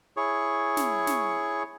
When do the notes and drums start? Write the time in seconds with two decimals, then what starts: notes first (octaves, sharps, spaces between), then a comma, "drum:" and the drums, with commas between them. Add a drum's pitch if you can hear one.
0.17 E4 G#4 C#5 C#6
0.77 drum: snare
1.07 drum: snare